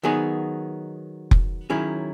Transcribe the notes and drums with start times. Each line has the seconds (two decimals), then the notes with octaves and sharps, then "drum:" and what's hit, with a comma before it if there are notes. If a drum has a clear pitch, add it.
0.03 D#3 F#3 B3 D#4 G#4
1.31 drum: kick F1
1.70 D#3 F#3 C#4 E4 G#4